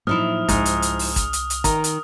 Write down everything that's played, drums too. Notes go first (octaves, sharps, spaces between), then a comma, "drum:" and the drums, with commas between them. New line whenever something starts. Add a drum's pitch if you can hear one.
A2 F3 F#3 A#3 D#4 E4 D#6 F6
C2 G#2, drum: kick, hi-hat
drum: hi-hat
drum: hi-hat
drum: open hi-hat
drum: kick, hi-hat
drum: hi-hat
drum: hi-hat
D#3 A#5, drum: kick, hi-hat
drum: hi-hat